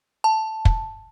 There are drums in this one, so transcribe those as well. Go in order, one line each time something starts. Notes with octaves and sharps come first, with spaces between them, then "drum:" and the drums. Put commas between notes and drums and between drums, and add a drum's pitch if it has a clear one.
A5
drum: kick